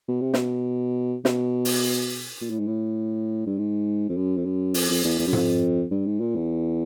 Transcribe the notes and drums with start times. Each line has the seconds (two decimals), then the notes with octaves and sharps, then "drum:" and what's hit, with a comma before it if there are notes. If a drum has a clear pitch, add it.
0.09 B2
0.21 C3
0.34 B2, drum: snare
1.25 B2, drum: snare
1.65 drum: open hi-hat
2.41 A#2
2.50 A2
2.59 G#2
2.68 A2
3.47 G2
3.58 G#2
4.09 F2
4.16 F#2
4.37 F2
4.45 F#2
4.74 F2, drum: open hi-hat
4.90 F2
5.04 E2
5.19 E2
5.27 F#2
5.33 F2, drum: tom G#2
5.91 G2
6.06 G#2
6.21 A#2
6.36 E2